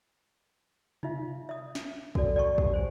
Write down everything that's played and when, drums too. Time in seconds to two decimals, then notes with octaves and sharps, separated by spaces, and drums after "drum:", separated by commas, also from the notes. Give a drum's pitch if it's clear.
1.03 D#4 F4 E5 F5, drum: tom C3
1.49 E5 D#6
1.75 drum: snare
2.15 F#4 A4 D5, drum: kick
2.36 D5 G5 A5 C#6
2.58 G4, drum: kick
2.73 C5 G#5